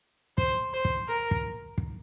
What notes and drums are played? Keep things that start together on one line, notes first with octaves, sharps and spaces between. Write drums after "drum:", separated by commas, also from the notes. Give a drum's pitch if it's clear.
C5, drum: kick
C5
drum: kick
A#4
drum: kick
drum: kick